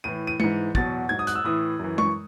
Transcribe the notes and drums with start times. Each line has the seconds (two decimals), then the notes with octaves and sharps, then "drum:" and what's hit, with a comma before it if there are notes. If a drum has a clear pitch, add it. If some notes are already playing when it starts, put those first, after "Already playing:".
0.04 A2 E3 D#7
0.27 D#7
0.40 G#2 E3 C#7, drum: tom G#3
0.75 E2 B2 F#3 A6, drum: kick
1.09 G#2 F#3 G#6
1.19 D#6
1.27 F#6, drum: hi-hat
1.35 E6
1.44 A2 E3 D#6
1.79 F#2 E3
1.98 C#6, drum: tom G#3